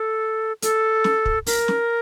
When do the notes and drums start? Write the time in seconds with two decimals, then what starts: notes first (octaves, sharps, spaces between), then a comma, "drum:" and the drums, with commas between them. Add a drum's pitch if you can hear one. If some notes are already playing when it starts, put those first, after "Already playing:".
Already playing: A4
0.62 A4, drum: hi-hat
1.04 drum: snare
1.26 drum: kick
1.46 A#4, drum: open hi-hat
1.68 drum: snare